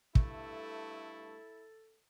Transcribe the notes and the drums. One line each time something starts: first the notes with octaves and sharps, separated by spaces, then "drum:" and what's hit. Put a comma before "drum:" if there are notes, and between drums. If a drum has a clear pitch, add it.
G2 A3 E4 A4, drum: kick